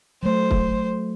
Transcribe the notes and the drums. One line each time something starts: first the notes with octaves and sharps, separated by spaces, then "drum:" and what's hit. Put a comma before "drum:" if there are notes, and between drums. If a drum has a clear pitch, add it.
F#3 A3 C5
drum: kick